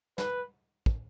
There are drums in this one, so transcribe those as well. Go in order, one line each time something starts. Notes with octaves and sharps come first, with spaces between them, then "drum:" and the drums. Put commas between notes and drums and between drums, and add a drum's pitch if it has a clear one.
B4, drum: snare
drum: kick